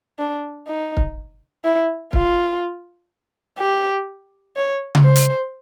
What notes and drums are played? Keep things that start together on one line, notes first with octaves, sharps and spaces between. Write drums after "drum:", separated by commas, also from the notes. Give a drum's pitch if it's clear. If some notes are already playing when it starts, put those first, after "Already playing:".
D4
D#4
drum: kick
E4
F4, drum: kick
G4
C#5
drum: tom C#3
C5
drum: hi-hat